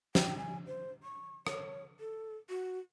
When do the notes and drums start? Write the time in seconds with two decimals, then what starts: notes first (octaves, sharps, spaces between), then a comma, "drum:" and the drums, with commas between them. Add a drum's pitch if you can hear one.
0.15 G5, drum: snare
0.38 G#5
0.67 C5
1.03 C#6
1.47 C#5, drum: rim click
2.00 A4
2.50 F#4